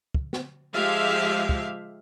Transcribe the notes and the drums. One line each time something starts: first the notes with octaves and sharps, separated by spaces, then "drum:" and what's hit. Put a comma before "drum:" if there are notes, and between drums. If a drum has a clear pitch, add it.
drum: kick
drum: snare
F3 G#3 G4 E5 F5
drum: kick